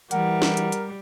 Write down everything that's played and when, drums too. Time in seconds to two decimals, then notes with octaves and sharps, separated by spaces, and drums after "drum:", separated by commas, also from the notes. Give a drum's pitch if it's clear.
0.11 E3 G3 A#4 F#5, drum: hi-hat
0.42 drum: snare
0.57 drum: hi-hat
0.72 drum: hi-hat